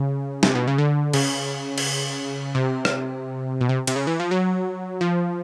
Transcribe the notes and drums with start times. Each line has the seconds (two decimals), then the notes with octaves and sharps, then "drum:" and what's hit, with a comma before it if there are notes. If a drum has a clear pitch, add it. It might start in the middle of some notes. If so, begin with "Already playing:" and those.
Already playing: C#3
0.43 C3, drum: snare
0.55 B2
0.67 C#3
0.78 D3
1.13 C#3, drum: cymbal
1.78 drum: cymbal
2.55 C3
2.85 drum: rim click
3.61 B2
3.69 C3
3.87 C3, drum: cymbal
3.96 C#3
4.07 E3
4.20 F3
4.31 F#3
5.01 F3